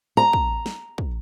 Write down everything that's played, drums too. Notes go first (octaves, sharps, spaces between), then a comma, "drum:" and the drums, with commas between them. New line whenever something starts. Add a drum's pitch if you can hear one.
A#5
drum: kick
drum: snare
drum: kick